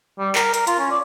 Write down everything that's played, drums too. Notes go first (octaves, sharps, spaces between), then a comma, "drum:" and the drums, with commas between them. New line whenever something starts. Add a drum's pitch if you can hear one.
G3
A#4, drum: clap
A#4, drum: hi-hat
F4, drum: hi-hat
C#4
D5